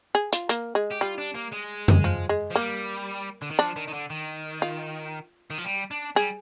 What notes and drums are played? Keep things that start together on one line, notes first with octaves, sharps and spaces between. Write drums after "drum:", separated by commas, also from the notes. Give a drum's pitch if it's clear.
G#4
F4, drum: hi-hat
A#3, drum: hi-hat
G#3
G4
G3 F4
D4
A#3
G#3
drum: tom F2
F3
G#3
F3
G3 A#3
D3
D#3
F3 D4
D#3
D#3
D3
D#3
F4
D#3
F3
G3
D4
G3 G#4